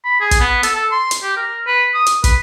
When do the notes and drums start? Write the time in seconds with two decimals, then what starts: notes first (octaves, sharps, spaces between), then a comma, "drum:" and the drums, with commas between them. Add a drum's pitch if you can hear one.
0.05 B5
0.21 G#4
0.31 drum: kick, hi-hat
0.41 B3
0.63 A4, drum: hi-hat
0.75 A4
0.92 C6
1.11 drum: hi-hat
1.23 G4
1.37 A#4
1.67 B4
1.94 D#6
2.06 drum: hi-hat
2.24 B4, drum: kick, hi-hat